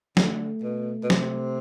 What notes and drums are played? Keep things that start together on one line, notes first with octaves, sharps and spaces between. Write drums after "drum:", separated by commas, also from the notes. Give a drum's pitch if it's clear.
D3 A3, drum: snare
B2
B2
C3, drum: snare